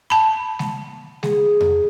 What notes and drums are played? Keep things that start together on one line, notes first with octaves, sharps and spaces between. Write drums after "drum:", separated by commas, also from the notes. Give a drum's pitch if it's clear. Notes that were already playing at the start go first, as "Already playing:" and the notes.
A5 B5
drum: snare G#3
G#4, drum: snare G#3
drum: tom E2